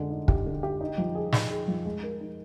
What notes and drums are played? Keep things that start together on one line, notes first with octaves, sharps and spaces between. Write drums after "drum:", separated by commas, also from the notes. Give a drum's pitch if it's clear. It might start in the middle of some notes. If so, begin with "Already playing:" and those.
Already playing: D3 G#3
D#4
G4, drum: kick
D3
G4
D#4
F3
G#4
D#4, drum: snare
G#4
F3
G#3
A#4
D#4